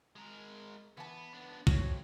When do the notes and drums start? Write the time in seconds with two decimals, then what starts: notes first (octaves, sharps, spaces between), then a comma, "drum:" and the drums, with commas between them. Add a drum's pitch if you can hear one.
0.16 G#3 A#4
0.97 E3 B3 A5
1.34 B3 D4
1.67 F2 F#4 C#5, drum: kick